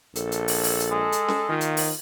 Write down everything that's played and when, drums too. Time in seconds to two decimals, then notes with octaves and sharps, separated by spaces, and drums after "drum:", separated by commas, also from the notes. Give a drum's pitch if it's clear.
0.15 A#1 A4, drum: hi-hat
0.32 drum: hi-hat
0.48 drum: open hi-hat
0.64 drum: open hi-hat
0.80 drum: hi-hat
0.91 G#3
1.12 drum: hi-hat
1.28 drum: snare C#4
1.49 D#3 A#3 D#4 F4
1.61 drum: hi-hat
1.77 drum: open hi-hat